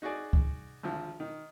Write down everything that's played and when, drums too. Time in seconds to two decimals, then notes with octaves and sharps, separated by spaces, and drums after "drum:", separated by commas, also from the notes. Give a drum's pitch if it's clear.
0.02 D#4 F#4 G#4 D5
0.33 drum: kick
0.83 G#1 D2 F3
1.20 D#3